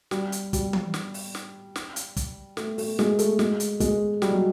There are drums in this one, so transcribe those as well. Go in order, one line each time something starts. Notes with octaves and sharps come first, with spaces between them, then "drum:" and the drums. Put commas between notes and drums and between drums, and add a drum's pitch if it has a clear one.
G3, drum: snare
drum: hi-hat
G3, drum: kick, hi-hat
drum: tom E3
drum: snare
drum: open hi-hat
drum: snare
drum: snare
drum: hi-hat
drum: kick, hi-hat
A3, drum: snare
A3, drum: open hi-hat
G#3, drum: snare
A3, drum: hi-hat
G#3, drum: snare
drum: hi-hat
G#3, drum: kick, hi-hat
G3, drum: snare
F#3